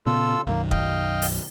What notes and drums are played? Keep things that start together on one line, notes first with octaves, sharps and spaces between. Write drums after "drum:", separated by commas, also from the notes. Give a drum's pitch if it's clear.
A#2 C#3 B3 F4 A4 E6
B1 F#2 D#3 A#3
D#5 F5 G5, drum: kick
drum: open hi-hat